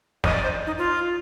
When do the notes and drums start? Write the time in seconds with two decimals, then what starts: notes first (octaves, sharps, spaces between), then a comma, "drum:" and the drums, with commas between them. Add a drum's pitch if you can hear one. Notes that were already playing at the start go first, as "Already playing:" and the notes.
0.24 D#5, drum: snare
0.33 D5
0.43 C5
0.67 D#4
0.78 F4